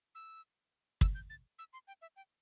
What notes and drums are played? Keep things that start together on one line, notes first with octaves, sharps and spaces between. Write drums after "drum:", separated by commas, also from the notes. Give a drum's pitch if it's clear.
E6
E6, drum: kick
G6
A6
E6
C6
G5
E5
G5